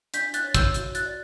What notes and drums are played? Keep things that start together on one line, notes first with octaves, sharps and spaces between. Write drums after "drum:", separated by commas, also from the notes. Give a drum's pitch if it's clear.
D4 G6 B6, drum: hi-hat
F#6 A6, drum: hi-hat
C#5
E6 G6, drum: kick, hi-hat
F#4, drum: hi-hat
F#6 A6, drum: hi-hat
D5